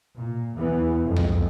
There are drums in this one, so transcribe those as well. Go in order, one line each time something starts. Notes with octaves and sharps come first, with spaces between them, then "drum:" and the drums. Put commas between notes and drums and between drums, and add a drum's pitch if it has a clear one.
A#2
E2 E3 B3
F2 G#3
drum: tom C2